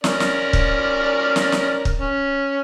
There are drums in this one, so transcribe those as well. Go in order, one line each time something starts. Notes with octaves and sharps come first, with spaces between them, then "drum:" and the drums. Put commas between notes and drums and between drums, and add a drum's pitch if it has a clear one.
C#4 A#4 D5, drum: snare
drum: snare
drum: kick
drum: snare
drum: snare
drum: kick
C#4